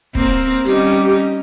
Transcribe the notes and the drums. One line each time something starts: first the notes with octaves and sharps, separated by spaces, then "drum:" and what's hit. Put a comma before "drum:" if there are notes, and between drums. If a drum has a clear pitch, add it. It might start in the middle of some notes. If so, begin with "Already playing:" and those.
A#3 C4 A#4, drum: kick
G3 C#4 D#4 G4, drum: hi-hat